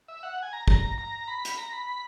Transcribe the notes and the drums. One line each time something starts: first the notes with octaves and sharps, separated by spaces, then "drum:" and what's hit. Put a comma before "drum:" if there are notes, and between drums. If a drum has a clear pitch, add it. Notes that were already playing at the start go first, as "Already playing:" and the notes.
E5
F#5
G#5
A#5
A#5, drum: kick
A#5
B5
drum: hi-hat
A#5
B5